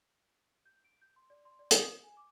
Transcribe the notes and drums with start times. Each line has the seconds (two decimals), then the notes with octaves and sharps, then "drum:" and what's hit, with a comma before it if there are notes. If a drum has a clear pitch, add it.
0.66 G6
0.84 D7
1.02 G6
1.16 C6
1.30 D5
1.45 C6
1.59 D5
1.71 D#6, drum: hi-hat
1.89 E7
2.04 G#5
2.17 D6